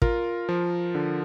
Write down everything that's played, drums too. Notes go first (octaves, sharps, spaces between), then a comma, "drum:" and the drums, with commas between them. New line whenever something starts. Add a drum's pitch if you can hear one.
F4 A#4, drum: kick
F3
D3